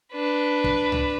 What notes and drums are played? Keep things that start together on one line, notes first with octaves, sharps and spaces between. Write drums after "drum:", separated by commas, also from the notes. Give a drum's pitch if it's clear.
D4 B4
drum: kick
drum: tom C2